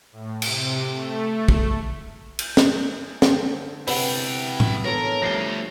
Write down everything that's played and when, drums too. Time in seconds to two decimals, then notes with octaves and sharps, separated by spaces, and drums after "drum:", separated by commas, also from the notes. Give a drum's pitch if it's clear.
0.12 A2
0.42 C3, drum: cymbal
0.91 A3
1.49 drum: kick
2.39 drum: cymbal
2.57 drum: snare
3.22 D3 C4, drum: snare
3.87 C3 E4 B4 F#5 G5, drum: open hi-hat
4.60 drum: tom A2
4.84 E3 B3 D4 A4 A#4 C#5
5.22 D2 F3 G3 A#6 C7 G7